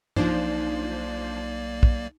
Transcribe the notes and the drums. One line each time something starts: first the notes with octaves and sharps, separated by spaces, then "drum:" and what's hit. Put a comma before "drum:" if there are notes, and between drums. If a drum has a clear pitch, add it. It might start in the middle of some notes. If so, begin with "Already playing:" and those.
B1 F3 A#3 D4 D#4 C5 D5, drum: tom
drum: kick